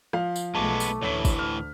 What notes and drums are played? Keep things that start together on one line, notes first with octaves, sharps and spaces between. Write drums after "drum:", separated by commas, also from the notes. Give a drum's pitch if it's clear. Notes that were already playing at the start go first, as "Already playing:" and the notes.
F3 F5, drum: rim click
drum: tambourine
B1 G#3 A3 B3 A5 C#6 D6
drum: tambourine
D2 A2 E3 C#5 B6
drum: kick, tambourine
F6